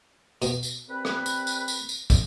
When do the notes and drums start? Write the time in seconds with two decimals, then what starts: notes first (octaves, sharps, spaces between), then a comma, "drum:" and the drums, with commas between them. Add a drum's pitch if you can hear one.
0.42 B2, drum: tambourine
0.63 drum: tambourine
0.88 C2 C4 B4
1.05 drum: rim click
1.26 drum: tambourine
1.47 drum: tambourine
1.68 drum: tambourine
1.89 drum: tambourine
2.10 drum: kick, tambourine